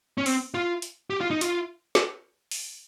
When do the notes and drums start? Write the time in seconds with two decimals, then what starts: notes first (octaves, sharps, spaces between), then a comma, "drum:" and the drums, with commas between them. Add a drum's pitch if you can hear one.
0.18 C#4
0.26 C4, drum: open hi-hat
0.54 F4
0.82 drum: hi-hat
1.10 G4
1.21 F4
1.31 D#4
1.41 F4, drum: hi-hat
1.95 drum: snare
2.51 drum: open hi-hat